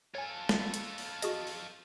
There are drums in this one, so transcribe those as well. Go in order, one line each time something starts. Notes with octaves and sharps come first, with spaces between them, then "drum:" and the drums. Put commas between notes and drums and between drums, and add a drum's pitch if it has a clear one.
F4 A4 C#5 G#5
drum: snare
drum: hi-hat
drum: open hi-hat
F#4 G#4 D#5, drum: hi-hat
drum: open hi-hat